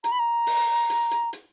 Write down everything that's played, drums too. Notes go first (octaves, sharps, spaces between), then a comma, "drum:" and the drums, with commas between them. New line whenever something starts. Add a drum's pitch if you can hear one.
A#5, drum: hi-hat
B5
A#5
drum: open hi-hat
drum: hi-hat
drum: hi-hat
drum: hi-hat